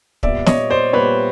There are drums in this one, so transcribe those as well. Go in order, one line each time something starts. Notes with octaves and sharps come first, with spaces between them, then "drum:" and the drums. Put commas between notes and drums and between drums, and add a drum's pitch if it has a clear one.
A#2 G3 B3 D5 E5, drum: kick
C#5 D#5, drum: snare
C5 D5
A#2 G3 B3 B4 C#5